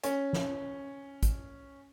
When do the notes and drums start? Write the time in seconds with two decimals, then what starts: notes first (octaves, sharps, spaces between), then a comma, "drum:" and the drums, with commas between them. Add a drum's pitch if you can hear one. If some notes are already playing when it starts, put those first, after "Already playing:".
0.04 C#4, drum: hi-hat
0.33 drum: snare
1.23 drum: kick, hi-hat